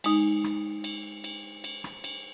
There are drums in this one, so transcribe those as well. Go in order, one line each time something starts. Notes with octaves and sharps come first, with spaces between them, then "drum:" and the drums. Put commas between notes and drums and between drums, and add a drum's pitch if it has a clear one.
G#3 D#4, drum: cymbal
drum: rim click
drum: cymbal
drum: cymbal
drum: cymbal
drum: rim click
drum: cymbal